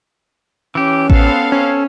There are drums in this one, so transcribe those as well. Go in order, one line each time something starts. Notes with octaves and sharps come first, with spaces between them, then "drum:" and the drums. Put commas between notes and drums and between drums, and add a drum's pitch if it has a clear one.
E3 C#4 G4
B3 C4 A4 F5, drum: kick A1
C#4